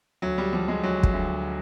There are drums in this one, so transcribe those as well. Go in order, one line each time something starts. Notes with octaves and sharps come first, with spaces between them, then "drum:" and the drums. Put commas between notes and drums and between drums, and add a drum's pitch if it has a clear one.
D2 F#3
G3
F3 G3
G#3
D2 F#3
drum: kick
D2